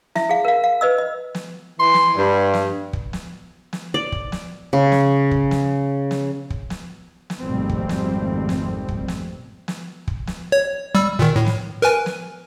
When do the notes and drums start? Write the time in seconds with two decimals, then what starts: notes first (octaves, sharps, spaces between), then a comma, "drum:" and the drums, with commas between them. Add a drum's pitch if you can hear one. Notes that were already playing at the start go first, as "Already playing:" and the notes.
0.15 E4 E5, drum: snare
0.29 G#4 F5
0.45 A#4 F5
0.64 F5
0.81 B4 D#5 E6
0.98 D#5
1.35 drum: snare
1.79 E3 C6
1.94 drum: snare
2.16 G2
2.54 drum: snare
2.93 drum: kick
3.13 drum: snare
3.73 drum: snare
3.94 D5
4.12 drum: kick
4.32 drum: snare
4.73 C#3
4.92 drum: snare
5.31 drum: kick
5.51 drum: snare
6.11 drum: snare
6.50 drum: kick
6.70 drum: snare
7.30 drum: snare
7.42 G#1 F2 B2 G3 A3 C4
7.69 drum: kick
7.89 drum: snare
8.49 drum: snare
8.88 drum: kick
9.08 drum: snare
9.68 drum: snare
10.08 drum: kick
10.27 drum: snare
10.52 C#5
10.95 G3 E6
11.19 A#2 D#3
11.36 A2
11.46 drum: snare
11.82 A#4 B4 G#5
12.06 drum: snare